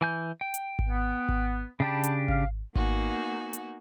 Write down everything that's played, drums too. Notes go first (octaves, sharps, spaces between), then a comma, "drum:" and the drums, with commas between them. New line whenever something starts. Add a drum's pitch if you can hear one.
E3 G#5 G6
G5
drum: hi-hat
drum: kick G#1
B3
drum: kick G#1
C#3 D4 G4 G5 A5 B5
drum: hi-hat
F5, drum: kick G#1
A#3 B3 D#4 F#4 G#5, drum: kick G#1
drum: hi-hat